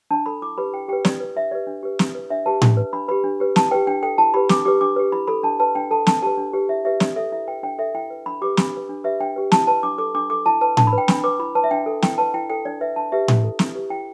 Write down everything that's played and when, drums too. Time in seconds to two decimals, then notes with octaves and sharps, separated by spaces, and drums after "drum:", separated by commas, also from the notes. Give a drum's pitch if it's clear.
0.11 D4 A5
0.26 A4 B5
0.42 E4 D6
0.58 G4 B4 B5
0.73 E4 G5
0.88 G4 B4 G5
1.05 E4 D5, drum: snare
1.20 B4
1.36 D4 E5
1.51 G4 B4 D5
1.67 D4
1.83 G4 B4
1.99 E4, drum: snare
2.15 B4
2.30 D4 E5
2.46 G4 B4 A5
2.62 D4, drum: tom A2
2.77 B4
2.93 D4 B5
3.08 G4 B4 B5
3.24 D4
3.40 G4 B4
3.56 E4 A5, drum: snare
3.71 G4 B4 G5
3.87 D4 G5
4.03 A4 G5
4.18 E4 A5
4.34 G4 B4 B5
4.49 D4 D6, drum: snare
4.65 G4 B4 D6
4.81 D4 D6
4.96 G4 B4
5.12 E4 B5
5.27 A4 B5
5.43 D4 A5
5.60 B4 A5
5.75 D4 G5
5.91 A4 A5
6.07 D4 A5, drum: snare
6.22 G4 B4 A5
6.38 D4
6.53 G4 B4
6.69 E4 E5
6.85 G4 B4 E5
7.00 D4 D5, drum: snare
7.16 A4 E5
7.32 E4 E5
7.47 B4 G5
7.63 D4 G5
7.78 A4 E5
7.95 E4 G5
8.10 B4
8.26 D4 B5
8.42 G4 B4 D6
8.57 D4 B5, drum: snare
8.73 G4 B4
8.89 D4
9.04 G4 B4 E5
9.20 D4 G5
9.36 G4 B4
9.52 E4 A5, drum: snare
9.67 B4 A5
9.83 D4 D6
9.98 A4 D6
10.15 D4 D6
10.30 A4 D6
10.46 E4 A5
10.61 B4 A5
10.77 D4 A5, drum: tom A2
10.87 B5
10.93 B4
10.98 G5
11.08 D4 B5, drum: snare
11.24 B4 D6
11.39 E4 B5
11.55 B4 A5
11.64 E5
11.71 D4 G5
11.86 A4
12.02 E4 G5, drum: snare
12.18 B4 A5
12.34 E4 G5
12.50 A4 G5
12.65 D4 D5
12.81 B4 E5
12.96 D4 A5
13.12 G4 B4 E5
13.28 E4, drum: tom A2
13.44 A4
13.59 E4, drum: snare
13.75 G4 B4
13.90 E4 G5